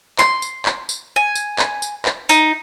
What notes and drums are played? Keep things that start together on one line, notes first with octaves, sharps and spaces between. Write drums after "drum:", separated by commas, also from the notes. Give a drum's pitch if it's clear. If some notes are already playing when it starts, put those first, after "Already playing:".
C6, drum: clap
drum: tambourine
drum: clap
drum: tambourine
G#5
drum: tambourine
drum: clap
drum: tambourine
drum: clap
D#4, drum: tambourine